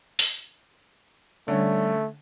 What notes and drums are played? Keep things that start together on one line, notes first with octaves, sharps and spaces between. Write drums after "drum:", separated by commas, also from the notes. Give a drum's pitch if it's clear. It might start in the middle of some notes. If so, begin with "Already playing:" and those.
drum: open hi-hat
D3 G3 A3 C#4